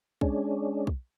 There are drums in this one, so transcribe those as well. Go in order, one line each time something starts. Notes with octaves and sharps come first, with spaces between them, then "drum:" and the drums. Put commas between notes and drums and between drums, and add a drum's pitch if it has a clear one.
G#3 C#4 D4, drum: kick
drum: kick